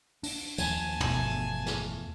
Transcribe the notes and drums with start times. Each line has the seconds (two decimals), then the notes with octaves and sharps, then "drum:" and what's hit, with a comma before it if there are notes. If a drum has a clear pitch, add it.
0.23 D4, drum: open hi-hat
0.58 D#2 F3 G#5 A5, drum: tambourine
1.00 G1 E2 B2 F3 A3, drum: tom
1.66 drum: snare